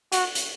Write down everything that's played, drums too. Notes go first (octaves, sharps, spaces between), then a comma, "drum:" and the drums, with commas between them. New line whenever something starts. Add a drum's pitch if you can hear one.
F#4, drum: hi-hat
drum: hi-hat